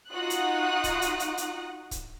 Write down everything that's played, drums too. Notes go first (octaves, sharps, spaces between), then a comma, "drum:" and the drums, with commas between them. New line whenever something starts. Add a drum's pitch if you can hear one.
D#4 F4 F#4 F#5 D#6 F#6
drum: hi-hat
drum: kick C#1, hi-hat
drum: hi-hat
drum: hi-hat
drum: hi-hat
drum: kick C#1, hi-hat